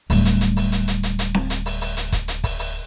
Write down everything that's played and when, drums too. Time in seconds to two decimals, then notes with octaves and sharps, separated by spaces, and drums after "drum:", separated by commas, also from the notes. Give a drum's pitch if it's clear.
0.10 D1 G3, drum: open hi-hat
0.25 drum: hi-hat
0.41 drum: hi-hat
0.56 drum: open hi-hat
0.72 drum: hi-hat
0.88 drum: hi-hat
1.03 drum: hi-hat
1.19 drum: hi-hat
1.34 drum: snare C4
1.50 drum: hi-hat
1.66 drum: open hi-hat
1.81 drum: open hi-hat
1.97 drum: hi-hat
2.12 drum: kick, hi-hat
2.28 drum: hi-hat
2.44 drum: kick, open hi-hat
2.59 drum: open hi-hat